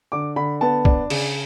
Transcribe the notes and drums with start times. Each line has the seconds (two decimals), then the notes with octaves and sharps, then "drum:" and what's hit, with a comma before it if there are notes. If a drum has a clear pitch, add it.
0.12 D3 D6
0.36 D3 B5
0.61 B3 A5
0.85 D4, drum: kick
1.10 C#3, drum: cymbal